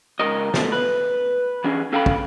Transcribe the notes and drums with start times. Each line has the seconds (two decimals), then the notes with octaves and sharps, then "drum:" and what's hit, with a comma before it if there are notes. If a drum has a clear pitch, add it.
0.20 C#2 C3 A#4 D#5
0.54 D2 B2 A3, drum: snare
0.72 B4
1.64 E3 C#4 D4 G#4
1.92 C#4 A4 F5 G5 G#5 B5
2.06 drum: kick